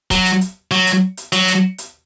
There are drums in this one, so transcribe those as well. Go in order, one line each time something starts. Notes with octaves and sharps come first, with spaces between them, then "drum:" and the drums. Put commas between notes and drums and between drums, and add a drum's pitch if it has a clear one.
F#3, drum: kick, hi-hat
drum: hi-hat
drum: hi-hat
F#3
drum: hi-hat
drum: hi-hat
F#3, drum: hi-hat
drum: hi-hat
drum: hi-hat